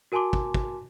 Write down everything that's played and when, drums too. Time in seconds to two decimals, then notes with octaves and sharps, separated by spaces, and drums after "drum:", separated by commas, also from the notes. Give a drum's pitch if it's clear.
0.12 F#4 A#4 G#5 A5 C6 D6
0.33 drum: kick
0.54 drum: kick